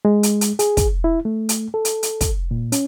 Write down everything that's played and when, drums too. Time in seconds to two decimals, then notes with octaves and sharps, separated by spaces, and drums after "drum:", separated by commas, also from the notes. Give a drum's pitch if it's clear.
0.05 G#3
0.23 drum: hi-hat
0.41 drum: hi-hat
0.59 G#4, drum: hi-hat
0.77 drum: kick, hi-hat
1.04 E4
1.25 A3
1.49 drum: hi-hat
1.74 A4
1.85 drum: hi-hat
2.03 drum: hi-hat
2.21 drum: kick, hi-hat
2.51 A#2
2.72 C#4, drum: hi-hat